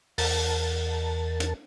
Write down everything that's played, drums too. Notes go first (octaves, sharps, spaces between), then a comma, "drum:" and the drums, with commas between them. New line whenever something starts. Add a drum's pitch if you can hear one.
E2 A#4 A5, drum: open hi-hat
drum: hi-hat